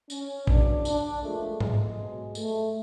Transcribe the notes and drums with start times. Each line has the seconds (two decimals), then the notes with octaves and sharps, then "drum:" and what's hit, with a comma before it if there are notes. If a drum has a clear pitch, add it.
0.10 C#4, drum: tambourine
0.47 E2 C#3 F#3 D4, drum: kick
0.85 D4, drum: tambourine
1.22 A#2 F3 G#3 A3
1.60 G#3, drum: tom G#2
1.98 B2 F#3
2.35 A3, drum: tambourine